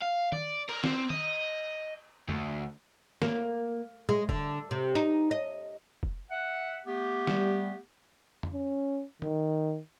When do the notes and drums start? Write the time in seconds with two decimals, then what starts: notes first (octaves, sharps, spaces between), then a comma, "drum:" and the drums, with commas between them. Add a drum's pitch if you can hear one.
0.02 F5
0.32 D5, drum: tom
0.69 A#4, drum: cymbal
0.84 C4, drum: snare
1.10 D#5, drum: tom
2.29 D2, drum: tom
3.22 A#3, drum: snare
4.09 G#3, drum: tom
4.29 D3, drum: kick
4.71 C3
4.95 D#4, drum: hi-hat
5.31 D#5
6.03 drum: kick
6.30 E5 F#5
6.86 A3 B3 G4
7.27 G3, drum: snare
8.43 drum: tom
8.53 C#4
9.22 D#3, drum: tom